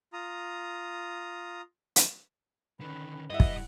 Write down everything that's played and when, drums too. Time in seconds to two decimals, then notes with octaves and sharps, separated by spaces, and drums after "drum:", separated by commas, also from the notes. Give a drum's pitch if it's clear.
0.13 F4 A#5 D#6
1.96 drum: hi-hat
2.81 D3 D#3 C#4 B4
3.30 G2 G3 E4 B4 D#5 E5 F#5
3.40 drum: kick